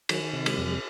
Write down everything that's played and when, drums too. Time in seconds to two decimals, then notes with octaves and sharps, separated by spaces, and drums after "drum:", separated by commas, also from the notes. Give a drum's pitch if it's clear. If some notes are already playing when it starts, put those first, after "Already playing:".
0.09 D#3 F#3, drum: cymbal
0.33 C3
0.46 G#3, drum: cymbal
0.54 G3
0.58 F2 F#3
0.71 G3